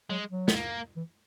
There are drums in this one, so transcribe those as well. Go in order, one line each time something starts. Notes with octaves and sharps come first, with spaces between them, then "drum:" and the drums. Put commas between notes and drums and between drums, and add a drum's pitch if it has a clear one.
F#3 G#3
F#3
B3, drum: snare
A#3
E3